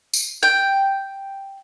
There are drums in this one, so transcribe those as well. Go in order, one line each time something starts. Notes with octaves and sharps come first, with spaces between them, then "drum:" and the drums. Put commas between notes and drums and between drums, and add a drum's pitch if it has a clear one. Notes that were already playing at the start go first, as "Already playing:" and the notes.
drum: tambourine
G5